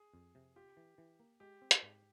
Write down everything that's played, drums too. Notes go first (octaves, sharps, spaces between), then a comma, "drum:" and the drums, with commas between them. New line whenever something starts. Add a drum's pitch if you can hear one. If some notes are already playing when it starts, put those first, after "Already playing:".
Already playing: G#4
F2
C3
F4 G4
E3
E3
A#3
G#3 G4
C4
drum: hi-hat
G#2